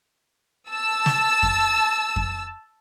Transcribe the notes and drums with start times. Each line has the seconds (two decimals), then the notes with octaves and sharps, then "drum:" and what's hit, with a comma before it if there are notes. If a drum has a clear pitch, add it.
0.69 A5 E6
1.06 drum: snare
1.43 drum: kick F2
2.16 drum: kick F2